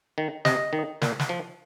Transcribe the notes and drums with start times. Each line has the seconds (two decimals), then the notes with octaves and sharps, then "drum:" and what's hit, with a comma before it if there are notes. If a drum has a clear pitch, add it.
0.18 D#3
0.45 C3 D#5, drum: snare
0.73 D#3
1.02 A#2, drum: snare
1.19 drum: snare
1.29 F3